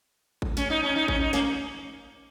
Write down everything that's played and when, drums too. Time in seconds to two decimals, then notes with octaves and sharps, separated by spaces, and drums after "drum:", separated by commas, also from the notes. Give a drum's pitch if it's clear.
0.42 drum: kick G#1
0.57 C#4, drum: snare
0.70 D#4
0.83 C#4
0.96 D#4
1.08 C#4, drum: kick G#1
1.20 D#4
1.33 A#3 C#4, drum: snare